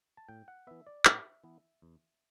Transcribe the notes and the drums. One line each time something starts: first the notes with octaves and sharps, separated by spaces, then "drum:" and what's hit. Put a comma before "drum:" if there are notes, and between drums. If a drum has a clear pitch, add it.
A5
A2 G5
F#5
E3 B3 E5
D5
A2 E5, drum: clap
E3 B3
E2